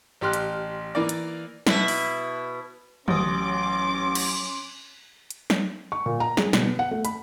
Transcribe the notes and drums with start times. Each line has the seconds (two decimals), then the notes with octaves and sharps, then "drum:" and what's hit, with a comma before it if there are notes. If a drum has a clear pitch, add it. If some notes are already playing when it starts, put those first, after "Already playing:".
0.21 A1 G4 C6 F6 F#6
0.33 drum: hi-hat
0.95 E3 A#3 D5
1.09 drum: hi-hat
1.67 B2 E4 B4, drum: snare
1.88 drum: open hi-hat
3.08 A1 F#3 C#4 C6 D6 D#6, drum: tom
4.15 drum: cymbal
5.31 drum: hi-hat
5.50 drum: snare
5.92 C#6
6.06 A#2
6.20 A#5
6.37 G#4, drum: snare
6.53 B2, drum: snare
6.65 B3
6.79 F#5
6.91 A3
7.05 B5, drum: hi-hat